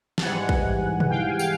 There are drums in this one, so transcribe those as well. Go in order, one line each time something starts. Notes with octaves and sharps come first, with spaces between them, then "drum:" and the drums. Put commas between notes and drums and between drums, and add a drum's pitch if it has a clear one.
A5, drum: snare
G#2 E3 G3 F#5 G#5
drum: kick
drum: tom B2
F5 G5
G#5
F5 G5, drum: tambourine